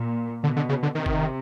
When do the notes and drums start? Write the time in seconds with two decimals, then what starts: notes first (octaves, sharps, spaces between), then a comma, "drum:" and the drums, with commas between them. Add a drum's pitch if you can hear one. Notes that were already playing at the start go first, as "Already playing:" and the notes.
Already playing: A#2
0.43 B2 D3
0.56 D3
0.69 C#3
0.83 D3
0.95 C3 D#3
1.06 drum: kick F#1